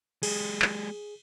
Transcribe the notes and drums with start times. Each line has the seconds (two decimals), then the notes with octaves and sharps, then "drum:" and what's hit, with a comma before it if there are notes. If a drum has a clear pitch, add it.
0.23 G#3 G4 G#4, drum: cymbal
0.62 drum: clap